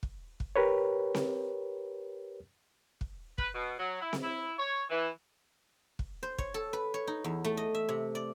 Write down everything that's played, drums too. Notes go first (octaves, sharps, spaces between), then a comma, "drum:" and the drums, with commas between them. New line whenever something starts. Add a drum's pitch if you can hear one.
drum: kick
drum: kick
G4 A#4 B4 C#5
drum: snare C4
drum: kick
B4, drum: kick
B2
F#3
E4
drum: snare C4
E4
C#5
E3
drum: kick
C5
C#5, drum: kick
A4
B4
C#5
D#4
E2
A3
D#5
E5
C3
D5